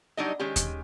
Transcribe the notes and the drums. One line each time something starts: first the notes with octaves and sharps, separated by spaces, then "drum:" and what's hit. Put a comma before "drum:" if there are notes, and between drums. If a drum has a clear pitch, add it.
F#3 G3 D4 D#4 G4 D#5
D#3 G#3 C#4 G4
drum: kick D#2, hi-hat